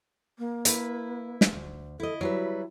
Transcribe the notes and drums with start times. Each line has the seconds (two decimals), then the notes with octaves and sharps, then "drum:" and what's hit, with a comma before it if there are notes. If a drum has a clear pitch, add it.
0.39 A#3
0.65 E4 B4, drum: hi-hat
1.41 drum: snare
1.53 D2
2.00 E4 A4 D#5
2.21 F#3 G3 E4 B4